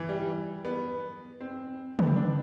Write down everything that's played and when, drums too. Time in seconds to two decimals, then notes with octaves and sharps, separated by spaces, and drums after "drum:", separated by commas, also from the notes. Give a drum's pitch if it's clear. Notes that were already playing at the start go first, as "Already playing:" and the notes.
Already playing: E3
0.09 G3
0.65 B3
1.41 C4
1.99 B3, drum: tom
2.07 C4
2.16 D4